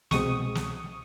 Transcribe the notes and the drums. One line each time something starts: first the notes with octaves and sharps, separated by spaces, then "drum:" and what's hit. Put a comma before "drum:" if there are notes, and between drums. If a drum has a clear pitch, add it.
C2 B2 G#3 C4 C#6 D#6, drum: snare
drum: snare